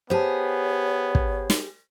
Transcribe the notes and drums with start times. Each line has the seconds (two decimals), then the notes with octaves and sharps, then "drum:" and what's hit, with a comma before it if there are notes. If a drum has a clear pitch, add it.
0.10 B3 G4 G#4 C5 C#5 A5
1.15 drum: kick
1.50 drum: snare